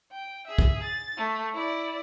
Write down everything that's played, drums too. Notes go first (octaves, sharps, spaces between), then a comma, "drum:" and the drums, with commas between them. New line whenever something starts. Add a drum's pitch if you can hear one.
G5
G#4 E5
drum: kick
A6
A3
E4 D5